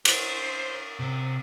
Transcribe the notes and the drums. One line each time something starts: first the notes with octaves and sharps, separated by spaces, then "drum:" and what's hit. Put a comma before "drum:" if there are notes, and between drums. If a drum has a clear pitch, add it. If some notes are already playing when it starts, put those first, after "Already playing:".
C5, drum: cymbal
C3